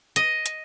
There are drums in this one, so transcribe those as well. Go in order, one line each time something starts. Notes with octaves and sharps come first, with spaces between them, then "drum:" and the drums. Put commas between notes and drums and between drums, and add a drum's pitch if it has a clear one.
D#5, drum: hi-hat
drum: hi-hat